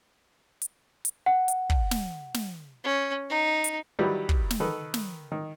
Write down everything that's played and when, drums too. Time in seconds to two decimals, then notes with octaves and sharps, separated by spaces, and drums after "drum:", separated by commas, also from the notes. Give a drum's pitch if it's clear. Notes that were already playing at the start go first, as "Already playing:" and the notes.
0.62 drum: hi-hat
1.05 drum: hi-hat
1.26 F#5
1.48 drum: hi-hat
1.70 drum: kick
1.91 drum: snare
2.34 drum: snare
2.84 C#4
3.29 D#4
3.64 drum: hi-hat
3.99 D#3 F#3 G3 E4 G4 B4
4.29 drum: kick
4.50 drum: snare
4.60 D#3 A4 B4
4.94 drum: snare
5.32 D#3